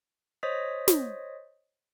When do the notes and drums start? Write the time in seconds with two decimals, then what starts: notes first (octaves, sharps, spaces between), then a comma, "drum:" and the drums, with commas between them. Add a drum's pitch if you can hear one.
0.43 C5 C#5 D#5 D#6 A6 B6
0.88 drum: snare